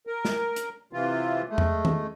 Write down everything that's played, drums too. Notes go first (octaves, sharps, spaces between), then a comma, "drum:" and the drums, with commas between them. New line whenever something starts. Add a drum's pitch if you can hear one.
A#4
drum: snare
drum: hi-hat
C3 E3 F4
G#3 A3
drum: tom E2
drum: tom D#3